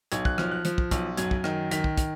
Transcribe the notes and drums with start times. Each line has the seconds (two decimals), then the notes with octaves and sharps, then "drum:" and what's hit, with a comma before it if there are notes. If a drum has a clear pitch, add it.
0.12 B1 G#6, drum: hi-hat
0.25 F#6, drum: kick
0.38 F3 F6, drum: rim click
0.51 F#6
0.65 F3, drum: hi-hat
0.78 drum: kick
0.91 B1, drum: kick, hi-hat
1.17 F#2 G#6, drum: hi-hat
1.31 drum: kick
1.44 D#3, drum: rim click
1.71 D#3 B6, drum: hi-hat
1.84 drum: kick
1.98 drum: kick, hi-hat